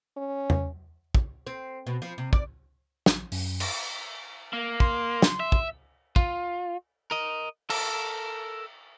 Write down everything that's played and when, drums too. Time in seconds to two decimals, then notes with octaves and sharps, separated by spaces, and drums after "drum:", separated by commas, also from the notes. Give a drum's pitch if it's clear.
0.17 C#4
0.50 drum: tom E2
1.15 drum: kick
1.47 C4
1.87 B2
2.02 F3
2.18 C3
2.33 D5, drum: kick
3.06 A1, drum: snare
3.32 F#2, drum: open hi-hat
3.60 drum: cymbal
4.53 A#3
4.80 C6, drum: kick
5.22 drum: snare
5.40 E5
5.52 drum: kick
6.16 F4, drum: kick
7.11 A#4 D#5
7.70 A4 A#4, drum: cymbal